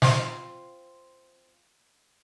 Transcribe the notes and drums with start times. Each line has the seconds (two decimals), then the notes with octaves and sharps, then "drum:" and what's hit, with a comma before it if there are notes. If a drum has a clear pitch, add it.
0.02 C4 F4 F5, drum: snare